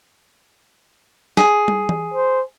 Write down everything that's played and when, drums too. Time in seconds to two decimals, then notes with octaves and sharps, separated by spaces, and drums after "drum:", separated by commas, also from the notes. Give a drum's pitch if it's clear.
1.37 G#4, drum: snare
1.68 drum: tom
1.89 drum: tom E3
2.14 C5